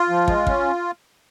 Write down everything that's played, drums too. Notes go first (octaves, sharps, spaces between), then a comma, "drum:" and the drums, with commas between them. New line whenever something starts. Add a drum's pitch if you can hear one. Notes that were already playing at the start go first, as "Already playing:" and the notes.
Already playing: F4
F3
G#3, drum: kick
C#4, drum: kick